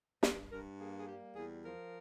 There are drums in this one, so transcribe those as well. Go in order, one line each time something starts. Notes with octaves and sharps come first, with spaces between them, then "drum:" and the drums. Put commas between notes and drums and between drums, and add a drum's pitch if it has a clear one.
G2 C5, drum: snare
G2 A#4
A#3 G#4
G#4
G3 G4
E2 G#4
F3 A#4